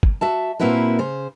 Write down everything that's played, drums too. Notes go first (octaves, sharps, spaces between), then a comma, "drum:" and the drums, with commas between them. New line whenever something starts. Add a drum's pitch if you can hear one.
drum: kick
F#4 E5 A5
A#2 A#3 C4 E4 F#4 B4
C#3 C5